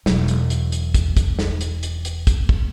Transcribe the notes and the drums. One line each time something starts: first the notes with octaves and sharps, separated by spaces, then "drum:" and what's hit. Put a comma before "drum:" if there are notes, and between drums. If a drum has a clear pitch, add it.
E1 F#3, drum: snare
drum: hi-hat
drum: hi-hat
drum: hi-hat
drum: kick, hi-hat
drum: kick, hi-hat
drum: snare
drum: hi-hat
drum: hi-hat
drum: hi-hat
drum: kick, hi-hat
drum: kick